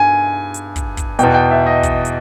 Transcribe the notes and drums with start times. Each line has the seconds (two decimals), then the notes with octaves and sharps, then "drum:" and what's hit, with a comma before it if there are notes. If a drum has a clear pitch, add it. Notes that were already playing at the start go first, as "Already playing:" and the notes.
Already playing: G2 G#5
0.54 drum: hi-hat
0.76 drum: kick, hi-hat
0.97 drum: kick, hi-hat
1.19 E2 B2 G5, drum: hi-hat
1.34 G5
1.51 E5
1.67 D#5
1.83 drum: kick, hi-hat
2.05 drum: hi-hat